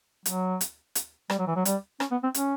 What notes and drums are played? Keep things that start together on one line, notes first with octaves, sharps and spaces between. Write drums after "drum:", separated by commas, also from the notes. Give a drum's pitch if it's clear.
F#3, drum: hi-hat
drum: hi-hat
drum: hi-hat
G3, drum: rim click
F#3
E3
F#3
G3, drum: hi-hat
C#4, drum: rim click
B3
C4
C#4, drum: hi-hat